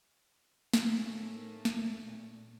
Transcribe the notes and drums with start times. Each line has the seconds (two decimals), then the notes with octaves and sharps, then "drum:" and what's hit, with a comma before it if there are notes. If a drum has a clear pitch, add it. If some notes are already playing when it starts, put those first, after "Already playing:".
0.74 drum: snare
0.96 A2 A3 A#3 D#4 G#5
1.36 A#4
1.65 drum: snare
2.04 A#2